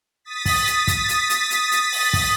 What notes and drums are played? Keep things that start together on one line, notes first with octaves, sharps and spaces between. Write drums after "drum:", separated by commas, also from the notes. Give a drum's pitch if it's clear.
D#6 A6 B6
drum: kick, open hi-hat
drum: hi-hat
drum: kick, hi-hat
drum: hi-hat
drum: hi-hat
drum: hi-hat
drum: hi-hat
drum: open hi-hat
drum: kick, open hi-hat